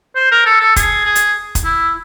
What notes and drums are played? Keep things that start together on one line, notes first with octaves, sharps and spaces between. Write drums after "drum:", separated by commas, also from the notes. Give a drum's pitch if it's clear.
C5
A#4
A4
A4
G#4, drum: kick, hi-hat
G#4
drum: hi-hat
drum: kick, hi-hat
E4